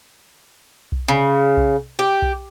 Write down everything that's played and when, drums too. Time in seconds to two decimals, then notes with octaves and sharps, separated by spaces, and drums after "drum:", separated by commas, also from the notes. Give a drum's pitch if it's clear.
0.92 drum: kick B1
1.08 C#3
1.57 drum: kick B1
1.99 G4
2.22 drum: kick B1